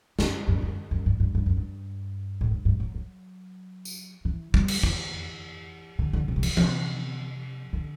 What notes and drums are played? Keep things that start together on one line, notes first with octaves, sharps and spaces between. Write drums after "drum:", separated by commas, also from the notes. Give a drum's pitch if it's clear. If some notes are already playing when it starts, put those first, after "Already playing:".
F#2, drum: snare
F#2
F#2
F#2
G2
G2
G2
F#2
G2
A2
G2
G2
F#3
F#3
drum: tambourine
E3
G3, drum: kick
drum: cymbal
E3, drum: kick
D3
D3
C3
F#3
E3, drum: cymbal
C3, drum: tom E3
D3